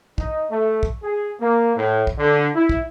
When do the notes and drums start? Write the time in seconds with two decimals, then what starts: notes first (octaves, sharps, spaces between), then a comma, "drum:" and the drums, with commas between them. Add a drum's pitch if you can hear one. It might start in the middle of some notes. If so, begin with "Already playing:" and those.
0.18 D#4, drum: kick
0.50 A3
0.83 drum: kick
1.02 G#4
1.40 A#3
1.76 A2
2.07 drum: kick
2.18 D3
2.54 E4
2.69 drum: kick